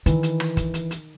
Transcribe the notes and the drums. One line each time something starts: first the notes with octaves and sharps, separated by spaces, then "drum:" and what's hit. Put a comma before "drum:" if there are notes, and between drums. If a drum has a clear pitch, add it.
D#3 E3, drum: hi-hat
drum: hi-hat
drum: rim click
drum: kick, hi-hat
drum: hi-hat
drum: hi-hat